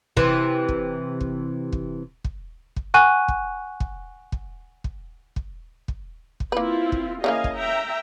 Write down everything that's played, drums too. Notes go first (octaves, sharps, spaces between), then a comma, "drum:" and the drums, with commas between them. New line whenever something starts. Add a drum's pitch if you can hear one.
C3 E3, drum: kick
drum: kick
drum: kick
drum: kick
drum: kick
drum: kick
F#5 G#5 C#6 F#6 D#7
drum: kick
drum: kick
drum: kick
drum: kick
drum: kick
drum: kick
drum: kick
A#3 C4 E4 F4 B4
drum: kick
C#3 E3 A#3 D#5 F5 G#5
drum: kick
E5 G5 A#5